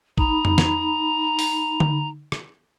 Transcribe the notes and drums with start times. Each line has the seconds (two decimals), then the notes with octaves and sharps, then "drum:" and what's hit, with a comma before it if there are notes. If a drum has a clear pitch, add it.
0.18 D#4 A#5 B5, drum: kick
0.45 drum: tom F2
0.58 drum: snare
1.39 drum: open hi-hat
1.80 drum: tom D3
2.32 drum: rim click